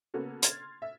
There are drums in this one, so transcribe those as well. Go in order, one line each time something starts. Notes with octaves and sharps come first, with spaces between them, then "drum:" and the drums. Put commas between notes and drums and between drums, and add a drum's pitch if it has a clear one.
C#3 A#3 B3 C#4 F#4 A4
C6 F6 G#6 A6, drum: hi-hat
E5